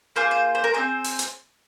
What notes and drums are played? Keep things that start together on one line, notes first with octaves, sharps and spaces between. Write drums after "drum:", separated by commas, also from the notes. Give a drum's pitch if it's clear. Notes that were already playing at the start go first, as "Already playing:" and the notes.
A#3 F4 G#4 C5
C5
C5
A#4
C4 D#4 G#4 C5
drum: open hi-hat
drum: hi-hat